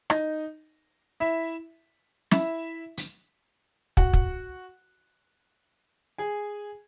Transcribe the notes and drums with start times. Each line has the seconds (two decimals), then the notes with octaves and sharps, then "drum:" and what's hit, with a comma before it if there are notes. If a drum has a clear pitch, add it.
0.10 D#4 D#5, drum: rim click
1.20 E4 E5
2.31 E4 E5, drum: snare
2.97 drum: hi-hat
3.97 F#4 F#5, drum: kick
4.13 drum: kick
6.18 G#4 G#5